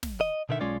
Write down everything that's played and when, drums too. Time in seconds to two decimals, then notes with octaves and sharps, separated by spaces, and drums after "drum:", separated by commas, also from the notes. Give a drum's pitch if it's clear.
0.03 drum: snare
0.21 D#5
0.49 B2 D3 D#3 E5
0.61 B1 G#3 C#4 F4 D5